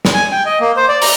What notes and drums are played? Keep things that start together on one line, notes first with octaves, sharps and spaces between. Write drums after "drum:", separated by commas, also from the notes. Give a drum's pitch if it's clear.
drum: snare
G#5
G5
D#5
A#3
C5
D5
A#5, drum: open hi-hat